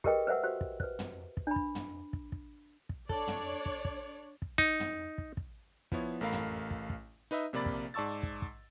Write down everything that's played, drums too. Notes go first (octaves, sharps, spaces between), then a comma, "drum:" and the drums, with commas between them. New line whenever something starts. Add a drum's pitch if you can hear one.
G4 G#4 A#4 B4 D#5 G5, drum: kick
B4 C5 E5 F#5 E6
F#4 G4 C5
drum: kick
B4 C5, drum: kick
drum: tom
drum: kick
D4 B5
drum: kick
drum: tom
drum: kick
drum: kick
drum: kick
D4 A4 C#5 D5, drum: kick
drum: tom
drum: kick
drum: kick
drum: kick
D#4, drum: kick
drum: tom
drum: kick
drum: kick
F3 B3 E4 C#5, drum: kick
A1 A3 A#4 F5 B5
drum: tom
drum: kick
drum: kick
D#4 B4 D#5 E5
A#1 C3 A#3 D5 B5 A6
drum: kick
G#2 D5 A5 C#6 E6 A6
drum: kick
drum: kick